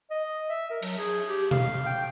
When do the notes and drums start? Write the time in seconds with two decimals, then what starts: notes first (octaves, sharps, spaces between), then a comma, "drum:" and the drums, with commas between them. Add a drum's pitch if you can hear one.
0.11 D#5
0.50 E5
0.70 A#4
0.82 F#3, drum: cymbal
0.98 G#4
1.29 G4
1.51 F5, drum: tom B2
1.86 G5